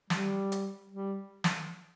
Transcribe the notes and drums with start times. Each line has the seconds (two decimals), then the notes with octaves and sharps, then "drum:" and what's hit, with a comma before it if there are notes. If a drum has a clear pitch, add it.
0.10 G3, drum: snare
0.52 drum: hi-hat
0.90 G3
1.44 drum: snare